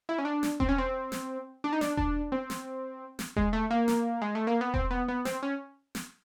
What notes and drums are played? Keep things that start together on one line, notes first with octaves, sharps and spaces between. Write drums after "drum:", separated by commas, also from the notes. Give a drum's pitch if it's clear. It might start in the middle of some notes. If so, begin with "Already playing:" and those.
E4
C#4
D4
drum: snare
C4, drum: kick E1
C#4
C4
drum: snare
D4
D#4
D4, drum: snare
D4, drum: kick E1
C4
drum: snare
drum: snare
G#3, drum: kick E1
A3
A#3
drum: snare
G#3
A3
A#3
B3
C4, drum: kick E1
B3
B3
C4, drum: snare
C#4
drum: snare